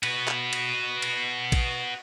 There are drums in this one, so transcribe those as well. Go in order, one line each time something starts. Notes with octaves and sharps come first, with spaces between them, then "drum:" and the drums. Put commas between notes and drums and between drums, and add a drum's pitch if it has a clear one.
F#4 B4, drum: cymbal
drum: clap
drum: cymbal
drum: cymbal
drum: kick A#1, cymbal